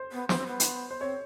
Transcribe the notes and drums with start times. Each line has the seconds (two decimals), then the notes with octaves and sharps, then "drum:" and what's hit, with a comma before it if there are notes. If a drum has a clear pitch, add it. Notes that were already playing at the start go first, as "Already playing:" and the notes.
Already playing: C5
0.12 B3
0.29 B3 C5, drum: snare
0.39 C4
0.47 B3
0.60 drum: hi-hat
0.91 C5
1.00 C4 C#5